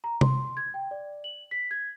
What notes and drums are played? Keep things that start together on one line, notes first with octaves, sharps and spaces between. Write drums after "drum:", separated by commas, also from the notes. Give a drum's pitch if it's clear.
A#5
C6, drum: tom C3
G#6
G5
D5
F#7
B6
G#6